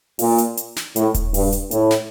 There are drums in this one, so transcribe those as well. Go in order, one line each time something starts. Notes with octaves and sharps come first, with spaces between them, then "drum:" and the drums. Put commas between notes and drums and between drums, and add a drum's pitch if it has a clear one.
A#2, drum: open hi-hat
drum: hi-hat
drum: hi-hat
drum: snare
A2, drum: hi-hat
drum: kick D#1, hi-hat
G2, drum: open hi-hat
drum: hi-hat
A2, drum: hi-hat
drum: snare